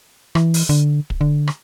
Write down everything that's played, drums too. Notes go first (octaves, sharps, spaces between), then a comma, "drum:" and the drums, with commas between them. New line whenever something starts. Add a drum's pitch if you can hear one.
E3, drum: rim click
drum: open hi-hat
D3
drum: kick
D3
drum: rim click